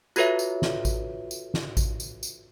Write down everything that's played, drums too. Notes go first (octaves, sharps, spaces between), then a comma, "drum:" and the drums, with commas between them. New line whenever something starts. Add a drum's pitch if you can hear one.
F4 F#4 A4 B4 C#5 E5, drum: tambourine
drum: tambourine
drum: snare
drum: kick A1, tambourine
drum: tambourine
drum: snare
drum: kick A1, tambourine
drum: tambourine
drum: tambourine